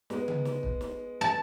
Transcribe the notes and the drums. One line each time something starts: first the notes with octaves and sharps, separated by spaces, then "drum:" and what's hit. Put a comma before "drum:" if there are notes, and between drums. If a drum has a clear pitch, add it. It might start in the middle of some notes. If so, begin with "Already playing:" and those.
G#3 B3, drum: snare
drum: tom C#3
drum: snare
drum: kick
drum: snare
A5